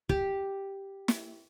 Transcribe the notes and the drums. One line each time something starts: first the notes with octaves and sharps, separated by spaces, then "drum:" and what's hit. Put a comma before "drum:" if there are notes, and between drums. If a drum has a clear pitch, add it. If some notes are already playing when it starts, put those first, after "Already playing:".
G4, drum: kick
drum: snare